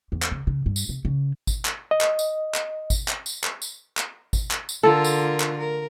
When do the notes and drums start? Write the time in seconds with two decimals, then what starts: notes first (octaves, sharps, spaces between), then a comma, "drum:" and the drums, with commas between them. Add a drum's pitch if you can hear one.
0.12 E2
0.22 drum: clap
0.32 C#3
0.47 C#3
0.66 G2
0.76 drum: tambourine
0.89 C3
1.05 C#3
1.47 drum: kick G#1, tambourine
1.65 drum: clap
1.91 D#5
2.01 drum: clap
2.19 drum: tambourine
2.54 drum: clap
2.90 drum: kick G#1, tambourine
3.08 drum: clap
3.26 drum: tambourine
3.44 drum: clap
3.62 drum: tambourine
3.97 drum: clap
4.33 drum: kick G#1, tambourine
4.51 drum: clap
4.69 drum: tambourine
4.83 D3 F4 A4 A#4
5.04 drum: tambourine
5.40 drum: clap
5.58 A#4